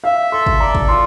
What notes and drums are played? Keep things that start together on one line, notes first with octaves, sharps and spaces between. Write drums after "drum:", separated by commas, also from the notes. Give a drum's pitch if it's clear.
E5 F5
A4 C6
drum: kick
D5 A#5
drum: kick
F4 C6